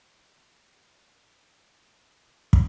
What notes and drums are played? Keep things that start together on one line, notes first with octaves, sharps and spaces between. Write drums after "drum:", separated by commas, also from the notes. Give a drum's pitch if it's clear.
A4
E6
F#4
E3 F#3
E4
drum: kick